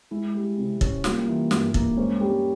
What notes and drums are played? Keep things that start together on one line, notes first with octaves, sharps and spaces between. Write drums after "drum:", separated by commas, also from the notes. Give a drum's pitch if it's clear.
G#3 E4
G3
C3
C#4, drum: kick
G3 A#3 F4, drum: snare
E3
G2, drum: snare
A#3, drum: kick
G#3 C4 C#4
G3